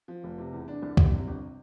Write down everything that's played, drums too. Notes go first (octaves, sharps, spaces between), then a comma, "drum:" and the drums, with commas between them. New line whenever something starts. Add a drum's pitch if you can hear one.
F3
F1
C3
E2
D4
C2
G3, drum: kick C#2
C3
G1